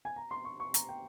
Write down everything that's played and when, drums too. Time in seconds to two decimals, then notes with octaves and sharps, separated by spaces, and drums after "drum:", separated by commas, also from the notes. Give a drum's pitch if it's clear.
0.05 G#5
0.16 A#5
0.31 C6
0.45 C#6
0.60 C#6
0.74 A#5, drum: hi-hat
0.89 G5